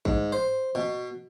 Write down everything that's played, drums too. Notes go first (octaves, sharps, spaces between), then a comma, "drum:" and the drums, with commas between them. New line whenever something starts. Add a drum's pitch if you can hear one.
G#2, drum: kick
C5
B2